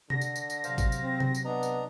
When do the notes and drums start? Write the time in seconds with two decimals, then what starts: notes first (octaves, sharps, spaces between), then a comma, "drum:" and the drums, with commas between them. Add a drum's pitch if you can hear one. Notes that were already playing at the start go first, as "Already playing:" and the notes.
0.10 D3 A#6, drum: tom C3
0.21 drum: tambourine
0.36 drum: tambourine
0.50 drum: tambourine
0.64 C3 F#3 C5 F5, drum: tambourine
0.78 drum: kick G#1, tambourine
0.92 drum: tambourine
1.03 C4
1.20 drum: tom C3
1.35 drum: tambourine
1.45 B3 D4 D#5 A#5
1.63 drum: tambourine